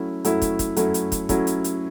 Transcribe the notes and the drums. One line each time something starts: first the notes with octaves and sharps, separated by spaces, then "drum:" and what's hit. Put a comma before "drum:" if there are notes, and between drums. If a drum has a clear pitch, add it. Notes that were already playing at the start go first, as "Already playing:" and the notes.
Already playing: F#3 A3 C#4 E4
F#3 A3 C#4 E4, drum: hi-hat
drum: kick, hi-hat
drum: kick, hi-hat
F#3 A3 C#4 E4, drum: hi-hat
drum: hi-hat
drum: kick, hi-hat
F#3 A3 C#4 E4, drum: kick, hi-hat
drum: hi-hat
drum: hi-hat